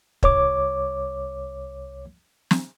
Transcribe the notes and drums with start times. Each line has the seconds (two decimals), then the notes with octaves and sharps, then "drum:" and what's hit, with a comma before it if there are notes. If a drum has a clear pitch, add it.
0.23 C2 C#5 D6, drum: kick
2.51 drum: snare